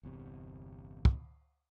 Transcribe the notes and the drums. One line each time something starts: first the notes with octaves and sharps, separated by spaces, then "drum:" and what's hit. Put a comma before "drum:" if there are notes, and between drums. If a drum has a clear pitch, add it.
G1 E2 C3
drum: kick